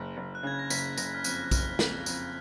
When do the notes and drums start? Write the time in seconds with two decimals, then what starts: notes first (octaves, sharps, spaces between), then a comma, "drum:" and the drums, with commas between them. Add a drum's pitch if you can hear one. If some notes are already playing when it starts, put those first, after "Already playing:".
Already playing: F#1
0.17 F#1
0.35 F#6
0.43 C#3 G#6
0.59 A#6
0.70 F#1 B6, drum: tambourine
0.98 F#1 A#6, drum: tambourine
1.14 F6
1.24 F2 F#6, drum: tambourine
1.44 F#6
1.51 F#1 F6, drum: kick, tambourine
1.79 F2, drum: snare
2.06 F2, drum: tambourine